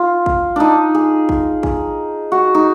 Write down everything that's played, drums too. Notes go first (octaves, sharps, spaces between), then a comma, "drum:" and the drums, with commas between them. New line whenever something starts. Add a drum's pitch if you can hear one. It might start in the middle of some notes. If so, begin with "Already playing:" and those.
Already playing: F4
drum: kick
D4 D#4
G#4
drum: kick
G#4, drum: kick
F#4
D#4